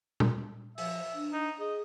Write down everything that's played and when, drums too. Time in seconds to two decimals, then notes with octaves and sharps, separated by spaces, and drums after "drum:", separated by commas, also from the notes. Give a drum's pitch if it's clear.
0.20 drum: tom A#2
0.78 F3 E5, drum: open hi-hat
1.14 D4
1.33 D#4
1.59 G#4 D#5